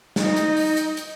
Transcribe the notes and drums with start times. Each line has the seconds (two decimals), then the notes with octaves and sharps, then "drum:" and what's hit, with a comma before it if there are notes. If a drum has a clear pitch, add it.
0.16 D#4 D#5, drum: snare
0.36 drum: hi-hat
0.57 drum: open hi-hat
0.77 drum: hi-hat
0.97 drum: hi-hat